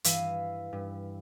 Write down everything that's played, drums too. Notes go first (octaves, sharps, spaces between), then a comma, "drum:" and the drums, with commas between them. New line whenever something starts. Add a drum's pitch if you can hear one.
G2 E3 F5 E6 B6 D#7, drum: hi-hat
G2